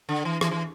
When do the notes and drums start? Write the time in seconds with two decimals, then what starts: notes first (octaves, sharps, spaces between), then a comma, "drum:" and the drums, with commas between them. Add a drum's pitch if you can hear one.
0.09 D3
0.25 E3
0.41 E3, drum: rim click
0.51 E3